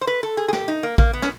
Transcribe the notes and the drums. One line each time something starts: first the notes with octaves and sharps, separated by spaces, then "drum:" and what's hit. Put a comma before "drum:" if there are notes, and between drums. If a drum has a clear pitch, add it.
C5
B4
A4
G#4
G#4
G4, drum: snare
D#4
A#3
A#3, drum: kick A1
B3
C#4, drum: snare